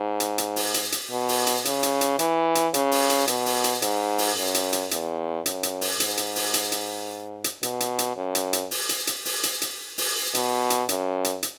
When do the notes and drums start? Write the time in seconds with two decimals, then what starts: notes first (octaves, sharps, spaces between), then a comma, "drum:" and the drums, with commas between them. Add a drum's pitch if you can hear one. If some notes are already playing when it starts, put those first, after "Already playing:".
Already playing: G#2
0.20 drum: hi-hat
0.38 drum: hi-hat
0.56 drum: open hi-hat
0.74 drum: hi-hat
0.92 drum: hi-hat
1.10 B2
1.29 drum: open hi-hat
1.47 drum: hi-hat
1.65 C#3, drum: hi-hat
1.83 drum: hi-hat
2.01 drum: hi-hat
2.19 E3, drum: hi-hat
2.55 drum: hi-hat
2.74 C#3, drum: hi-hat
2.91 drum: open hi-hat
3.10 drum: hi-hat
3.28 B2, drum: hi-hat
3.46 drum: open hi-hat
3.64 drum: hi-hat
3.82 G#2, drum: hi-hat
4.18 drum: open hi-hat
4.37 F#2
4.54 drum: hi-hat
4.73 drum: hi-hat
4.91 E2, drum: hi-hat
5.46 F#2, drum: hi-hat
5.63 drum: hi-hat
5.81 drum: open hi-hat
6.00 G#2, drum: hi-hat
6.17 drum: hi-hat
6.36 drum: open hi-hat
6.54 drum: hi-hat
6.72 drum: hi-hat
7.44 drum: hi-hat
7.63 B2, drum: hi-hat
7.80 drum: hi-hat
7.99 drum: hi-hat
8.16 F#2
8.35 drum: hi-hat
8.53 drum: hi-hat
8.71 drum: open hi-hat
8.89 drum: hi-hat
9.07 drum: hi-hat
9.25 drum: open hi-hat
9.43 drum: hi-hat
9.62 drum: hi-hat
9.98 drum: open hi-hat
10.35 B2, drum: hi-hat
10.70 drum: hi-hat
10.89 F#2, drum: hi-hat
11.25 drum: hi-hat
11.43 drum: hi-hat